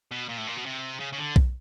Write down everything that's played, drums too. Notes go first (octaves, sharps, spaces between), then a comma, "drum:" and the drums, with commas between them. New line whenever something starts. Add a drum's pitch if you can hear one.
B2
A#2
A2
A#2
B2
C3
C#3
C#3
D3
drum: kick B1